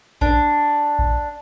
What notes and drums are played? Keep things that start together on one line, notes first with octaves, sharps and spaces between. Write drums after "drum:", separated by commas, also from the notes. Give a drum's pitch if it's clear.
D4, drum: kick A#1
drum: kick A#1